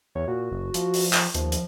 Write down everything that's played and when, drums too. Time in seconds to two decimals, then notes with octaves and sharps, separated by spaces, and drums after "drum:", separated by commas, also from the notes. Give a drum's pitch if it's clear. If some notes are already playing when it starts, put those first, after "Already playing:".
0.15 E2 C#5
0.28 A#2 F#4
0.52 F#1
0.74 F3, drum: hi-hat
0.94 drum: open hi-hat
1.13 drum: clap
1.35 D#2 F3, drum: hi-hat
1.52 drum: hi-hat